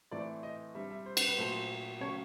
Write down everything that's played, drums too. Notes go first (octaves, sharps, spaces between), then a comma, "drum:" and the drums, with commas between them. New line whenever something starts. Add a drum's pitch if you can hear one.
A2 E3 A3 C4 D5
D#5
D3 G3 C4 E5
E5
C5
B4, drum: cymbal
B4
A#2 F#3 A3 C5
C#3 F#3 A3 C#5